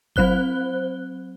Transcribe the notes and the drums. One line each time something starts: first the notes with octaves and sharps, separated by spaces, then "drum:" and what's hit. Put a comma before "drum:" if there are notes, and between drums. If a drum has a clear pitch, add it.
F#3 C4 C5 F#6 G7, drum: kick G1